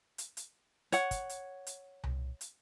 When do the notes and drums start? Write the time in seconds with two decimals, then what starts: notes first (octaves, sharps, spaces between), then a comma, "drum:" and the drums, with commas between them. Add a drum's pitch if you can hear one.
0.18 drum: hi-hat
0.37 drum: hi-hat
0.92 C#5 F#5, drum: hi-hat
1.11 drum: kick, hi-hat
1.29 drum: hi-hat
1.67 drum: hi-hat
2.04 drum: tom C2
2.41 drum: hi-hat